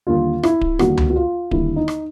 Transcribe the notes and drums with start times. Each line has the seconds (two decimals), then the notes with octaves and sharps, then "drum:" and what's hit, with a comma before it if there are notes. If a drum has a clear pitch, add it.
0.07 D#2 D3 G3 A#3 F4
0.43 E4, drum: rim click
0.61 drum: kick D1
0.79 D#2 D3 G3 A#3 F#4, drum: rim click
0.98 drum: tom C#2
1.10 F#4
1.15 F4
1.51 D#2 D3 G3 A#3 E4, drum: kick D1
1.76 D#4
1.88 drum: rim click